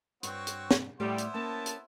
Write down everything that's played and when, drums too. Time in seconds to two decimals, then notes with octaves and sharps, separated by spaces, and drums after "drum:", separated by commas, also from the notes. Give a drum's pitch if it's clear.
0.23 G2 C4 F#4 C#5, drum: hi-hat
0.47 drum: hi-hat
0.71 drum: snare
1.00 A2 G3 A3 B3 E4 C5 D5
1.18 drum: hi-hat
1.34 A#3 C#4 A5
1.66 drum: hi-hat